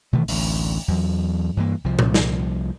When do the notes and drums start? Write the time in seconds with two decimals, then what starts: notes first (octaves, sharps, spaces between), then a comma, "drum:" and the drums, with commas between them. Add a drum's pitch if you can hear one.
0.13 B2 D#3 E3 A3
0.28 A1 D2, drum: open hi-hat
0.88 E2 F#3
1.57 G2 E3 A#3
1.84 C2 F3
1.99 drum: tom A#2
2.14 drum: snare